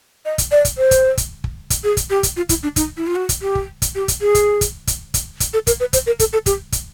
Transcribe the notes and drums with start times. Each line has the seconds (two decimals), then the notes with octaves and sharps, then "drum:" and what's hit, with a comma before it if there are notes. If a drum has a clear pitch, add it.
0.25 D#5
0.38 drum: kick, hi-hat
0.51 D5
0.65 drum: kick, hi-hat
0.78 C5
0.91 drum: kick, hi-hat
1.17 drum: kick, hi-hat
1.44 drum: kick
1.70 drum: kick, hi-hat
1.84 G#4
1.97 drum: kick, hi-hat
2.10 G4
2.23 drum: kick, hi-hat
2.37 F4
2.49 E4, drum: kick, hi-hat
2.63 D4
2.76 D#4, drum: kick, hi-hat
2.97 E4
3.07 F4
3.16 F#4
3.29 drum: kick, hi-hat
3.42 G4
3.55 drum: kick
3.82 drum: kick, hi-hat
3.95 G4
4.08 drum: kick, hi-hat
4.21 G#4
4.35 drum: kick, hi-hat
4.61 drum: kick, hi-hat
4.87 drum: kick, hi-hat
5.14 drum: kick, hi-hat
5.40 drum: kick, hi-hat
5.53 A4
5.67 A#4, drum: kick, hi-hat
5.80 B4
5.93 C5, drum: kick, hi-hat
6.06 A#4
6.19 A4, drum: kick, hi-hat
6.33 A4
6.46 G4, drum: kick, hi-hat
6.72 drum: kick, hi-hat